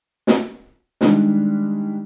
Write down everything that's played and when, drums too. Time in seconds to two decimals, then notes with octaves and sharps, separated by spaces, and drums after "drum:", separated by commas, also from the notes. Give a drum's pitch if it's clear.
0.27 drum: snare
1.01 D#3 G3 G#3 D4, drum: snare